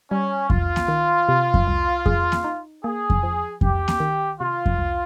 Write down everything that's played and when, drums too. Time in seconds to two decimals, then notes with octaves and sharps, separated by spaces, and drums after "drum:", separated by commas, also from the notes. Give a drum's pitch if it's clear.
0.11 G3 C#4
0.50 C2 F4, drum: kick F2
0.76 drum: snare A#3
0.88 D#3
1.28 C3
1.54 drum: kick F2
1.67 C2
2.06 G#4, drum: kick F2
2.32 drum: snare A#3
2.44 D#4
2.84 A#3 G#4
3.10 drum: kick F2
3.23 F3
3.61 C2 G4, drum: kick F2
3.88 drum: snare A#3
4.00 D#3
4.40 C3 F4
4.66 drum: kick F2
4.78 C2